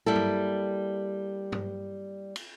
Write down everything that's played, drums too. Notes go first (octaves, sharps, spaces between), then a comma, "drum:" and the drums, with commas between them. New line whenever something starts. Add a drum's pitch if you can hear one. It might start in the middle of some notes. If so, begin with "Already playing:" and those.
G3 A#3 E4 A4
drum: tom G2
drum: tom G2
drum: cymbal